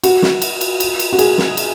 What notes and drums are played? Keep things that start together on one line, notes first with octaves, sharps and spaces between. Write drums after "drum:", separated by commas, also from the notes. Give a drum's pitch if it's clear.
F#4, drum: cymbal
drum: snare
drum: cymbal
drum: cymbal
drum: cymbal
drum: cymbal
F#4
G#4, drum: cymbal
drum: snare
drum: cymbal